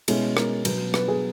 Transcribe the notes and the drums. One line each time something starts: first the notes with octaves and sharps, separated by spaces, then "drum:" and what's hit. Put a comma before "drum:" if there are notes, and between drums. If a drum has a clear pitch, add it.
B2 G#3 C#4 E4, drum: cymbal
A#4, drum: rim click
B2 F#3 B3, drum: cymbal
B4, drum: rim click
G#4